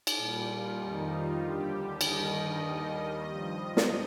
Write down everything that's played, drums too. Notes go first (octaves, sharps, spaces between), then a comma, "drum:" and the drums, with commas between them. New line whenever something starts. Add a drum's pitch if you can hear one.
drum: cymbal
A#2 G3
F4
F2 D#3 G3 D#4
F4
D#2 D3 G3 G4
G2 D#3 G3 D#5, drum: cymbal
D#5
D#2 D#3 G3
G2 F3
drum: snare